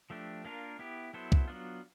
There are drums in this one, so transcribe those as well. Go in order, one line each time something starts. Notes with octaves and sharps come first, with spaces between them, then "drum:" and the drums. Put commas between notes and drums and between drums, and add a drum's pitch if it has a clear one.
F3 A3 D4 G4
A#3 D4 F4 A#4
B3 E4 G4
F#3 B3 E4 A4 C5
drum: kick
F#3 B3 D4 F4